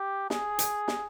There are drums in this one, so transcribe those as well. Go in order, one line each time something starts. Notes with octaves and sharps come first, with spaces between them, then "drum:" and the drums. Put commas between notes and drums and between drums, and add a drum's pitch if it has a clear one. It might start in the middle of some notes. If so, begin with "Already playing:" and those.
Already playing: G4
G#4, drum: snare
drum: hi-hat
drum: snare